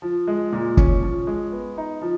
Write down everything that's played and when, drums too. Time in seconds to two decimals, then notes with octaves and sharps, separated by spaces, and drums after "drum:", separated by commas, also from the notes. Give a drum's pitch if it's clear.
0.02 F3
0.28 G#3
0.52 A#2
0.77 C#4, drum: kick
1.02 F3
1.27 G#3
1.52 B3
1.77 D#4
2.02 F3